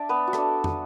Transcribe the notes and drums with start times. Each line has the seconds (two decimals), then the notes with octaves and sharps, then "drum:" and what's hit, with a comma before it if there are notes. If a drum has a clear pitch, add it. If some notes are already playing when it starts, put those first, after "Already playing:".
Already playing: D4 D5 E5
0.09 B3 B4
0.27 F#4
0.33 A3 D4 A4, drum: rim click
0.64 drum: tom